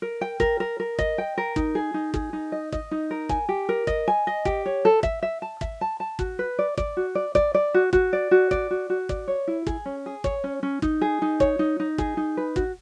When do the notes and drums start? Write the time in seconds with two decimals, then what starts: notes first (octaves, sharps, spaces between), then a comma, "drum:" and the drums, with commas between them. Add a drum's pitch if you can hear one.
0.02 A#4
0.21 G5
0.40 A#4, drum: kick
0.60 A#4
0.80 A#4
0.99 D#5, drum: kick
1.18 G5
1.38 A#4
1.56 D#4, drum: kick
1.75 G#4
1.94 D#4
2.14 G#4, drum: kick
2.33 D#4
2.52 D#5
2.73 D#5, drum: kick
2.91 D#4
3.11 A#4
3.29 G#5, drum: kick
3.49 G4
3.69 A#4
3.87 D#5, drum: kick
4.08 G#5
4.27 D#5
4.45 G4, drum: kick
4.66 C#5
4.85 A4
5.03 E5, drum: kick
5.23 E5
5.42 A5
5.61 E5, drum: kick
5.81 A5
6.00 A5
6.19 F#4, drum: kick
6.39 B4
6.59 D5
6.78 D5, drum: kick
6.97 F#4
7.15 D5
7.35 D5, drum: kick
7.54 D5
7.74 F#4
7.93 F#4, drum: kick
8.13 D5
8.31 F#4
8.51 D5, drum: kick
8.71 F#4
8.90 F#4
9.09 D5, drum: kick
9.28 C#5
9.47 E4
9.67 G#4, drum: kick
9.86 C#4
10.06 G#4
10.24 C#5, drum: kick
10.44 C#4
10.63 C#4
10.82 D#4, drum: kick
11.01 G#4
11.22 D#4
11.40 C#5, drum: kick
11.59 D#4
11.80 D#4
11.98 G#4, drum: kick
12.17 D#4
12.37 B4
12.56 F#4, drum: kick